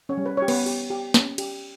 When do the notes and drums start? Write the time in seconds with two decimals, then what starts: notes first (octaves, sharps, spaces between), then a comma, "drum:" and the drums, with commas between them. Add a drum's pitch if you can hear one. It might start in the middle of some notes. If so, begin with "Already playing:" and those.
0.09 C#4 C#5
0.17 G3
0.26 B4
0.37 G4 C#5
0.48 B3 B4, drum: cymbal
0.66 G4, drum: open hi-hat
0.90 G4
1.14 C#4, drum: snare
1.38 G4, drum: cymbal